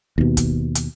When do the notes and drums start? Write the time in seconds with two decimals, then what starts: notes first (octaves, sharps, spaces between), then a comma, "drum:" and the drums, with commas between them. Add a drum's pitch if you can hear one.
0.18 D#2 B2
0.37 drum: kick, hi-hat
0.75 drum: hi-hat